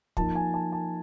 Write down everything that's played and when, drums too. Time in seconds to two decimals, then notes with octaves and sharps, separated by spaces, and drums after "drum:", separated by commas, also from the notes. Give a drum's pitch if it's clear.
0.17 F3 A#3 D#4 A5, drum: kick
0.35 G#5
0.54 A5
0.72 A5